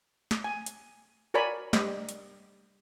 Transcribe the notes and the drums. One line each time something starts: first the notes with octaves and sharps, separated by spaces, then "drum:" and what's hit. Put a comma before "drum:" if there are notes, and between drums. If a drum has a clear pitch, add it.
drum: snare
G#5
drum: hi-hat
F#4 A#4 C#5 D5 G#5 B5
G3 D#5, drum: snare
drum: hi-hat